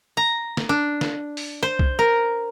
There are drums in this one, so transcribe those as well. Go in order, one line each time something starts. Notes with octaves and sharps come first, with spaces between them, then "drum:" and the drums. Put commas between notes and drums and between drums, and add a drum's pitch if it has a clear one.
A#5
drum: snare
D4
drum: snare
drum: open hi-hat
C5
drum: kick C2
A#4